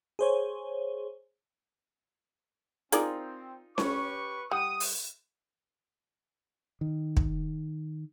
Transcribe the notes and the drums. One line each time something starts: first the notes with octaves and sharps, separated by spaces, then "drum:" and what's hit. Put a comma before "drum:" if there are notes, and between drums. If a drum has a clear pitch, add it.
G#4 C5 C#5
C4 D#4 F4 G#4 A#4 D5, drum: hi-hat
C#4 G4 B4 C#6, drum: snare C#4
G3 F#5 D#6
drum: open hi-hat
D#3
drum: kick